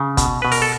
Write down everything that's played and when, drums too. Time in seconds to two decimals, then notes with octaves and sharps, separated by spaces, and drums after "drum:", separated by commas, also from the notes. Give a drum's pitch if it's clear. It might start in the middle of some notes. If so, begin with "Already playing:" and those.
Already playing: C#3
0.17 B2, drum: kick, hi-hat
0.42 B2 B4
0.52 A#4, drum: open hi-hat
0.62 A4